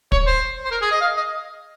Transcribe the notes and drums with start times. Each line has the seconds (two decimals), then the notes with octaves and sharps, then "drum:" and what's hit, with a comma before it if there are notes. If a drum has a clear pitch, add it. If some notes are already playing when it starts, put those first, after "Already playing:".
0.12 C#5, drum: kick
0.27 C5
0.64 C5
0.71 A#4
0.82 G#4
0.92 D#5
1.01 F5
1.17 D#5